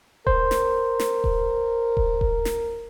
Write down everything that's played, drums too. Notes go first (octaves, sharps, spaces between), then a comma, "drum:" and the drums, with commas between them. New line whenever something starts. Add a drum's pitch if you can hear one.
A#4 C5, drum: kick D#1
drum: snare
drum: snare
drum: kick D#1
drum: kick D#1
drum: kick D#1
drum: snare